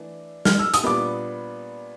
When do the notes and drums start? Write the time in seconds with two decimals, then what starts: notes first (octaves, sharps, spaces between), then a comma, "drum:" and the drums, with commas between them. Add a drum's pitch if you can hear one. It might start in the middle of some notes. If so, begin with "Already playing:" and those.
Already playing: E3 A3 D4
0.45 F6, drum: snare
0.59 E6
0.74 D#6, drum: hi-hat
0.83 A#2 G3 B3 D4 D6